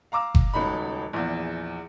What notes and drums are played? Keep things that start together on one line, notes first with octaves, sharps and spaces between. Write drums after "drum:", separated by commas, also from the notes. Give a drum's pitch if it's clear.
F5 A#5 D6 E6
drum: kick F#1
D#1 C#2 F#3 D#4 B5
A#1 E2